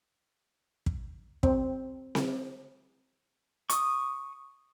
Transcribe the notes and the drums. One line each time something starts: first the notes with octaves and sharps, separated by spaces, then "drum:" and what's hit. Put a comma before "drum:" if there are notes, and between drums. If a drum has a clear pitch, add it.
drum: kick
C4, drum: kick
drum: snare C4
C#6 D#6, drum: hi-hat